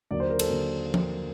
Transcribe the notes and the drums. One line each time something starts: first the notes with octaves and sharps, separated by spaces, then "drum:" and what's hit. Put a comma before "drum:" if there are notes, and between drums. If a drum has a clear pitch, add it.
D#2 D3 F#3 A#3 D5
C5
A#4
A4, drum: cymbal
D#2 D3 F#3 A#3
drum: tom F3